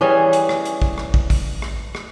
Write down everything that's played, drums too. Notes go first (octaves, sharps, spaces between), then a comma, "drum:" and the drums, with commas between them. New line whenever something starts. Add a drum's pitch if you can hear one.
E3 G3 C#4 G#4
drum: hi-hat
drum: rim click
drum: hi-hat
drum: kick
drum: rim click
drum: kick
drum: kick, open hi-hat
drum: rim click
drum: rim click